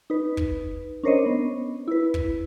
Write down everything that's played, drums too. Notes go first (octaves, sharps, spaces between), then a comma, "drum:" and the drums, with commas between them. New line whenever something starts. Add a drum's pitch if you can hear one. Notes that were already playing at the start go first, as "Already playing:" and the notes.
D#4 B4
drum: kick
C#4 D4 A#4 C5 C#5 D#5
B3
E4 B4
drum: kick